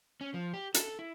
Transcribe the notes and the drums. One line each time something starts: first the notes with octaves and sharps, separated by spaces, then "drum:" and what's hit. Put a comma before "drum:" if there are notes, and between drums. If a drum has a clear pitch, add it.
C#4
F3
G4
A4, drum: hi-hat
E4